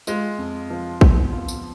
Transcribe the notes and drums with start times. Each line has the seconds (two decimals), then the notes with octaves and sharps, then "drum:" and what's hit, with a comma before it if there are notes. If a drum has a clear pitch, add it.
0.07 G#3 F4, drum: tambourine
0.38 F2
0.70 F3
1.01 B3, drum: kick
1.33 F4
1.48 drum: tambourine